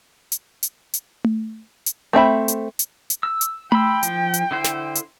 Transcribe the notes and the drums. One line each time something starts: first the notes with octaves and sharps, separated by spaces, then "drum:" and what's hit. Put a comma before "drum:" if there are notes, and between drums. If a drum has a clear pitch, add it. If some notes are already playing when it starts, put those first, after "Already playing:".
drum: hi-hat
drum: hi-hat
drum: hi-hat
drum: tom A3
drum: hi-hat
A3 C4 E5 B5
drum: hi-hat
drum: hi-hat
drum: hi-hat
E6
drum: hi-hat
G5 B5 C6 E6, drum: tom A3
F3, drum: hi-hat
drum: hi-hat
D3 E4 C5
drum: snare
drum: hi-hat